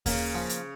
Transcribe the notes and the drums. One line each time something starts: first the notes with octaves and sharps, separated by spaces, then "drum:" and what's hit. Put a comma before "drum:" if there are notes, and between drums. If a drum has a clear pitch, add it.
C#3 A#3, drum: kick D#2, open hi-hat
F3
drum: hi-hat